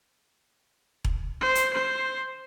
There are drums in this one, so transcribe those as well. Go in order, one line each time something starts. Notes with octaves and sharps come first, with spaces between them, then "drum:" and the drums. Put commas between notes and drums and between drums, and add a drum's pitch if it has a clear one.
drum: kick E1
C5
drum: hi-hat
C5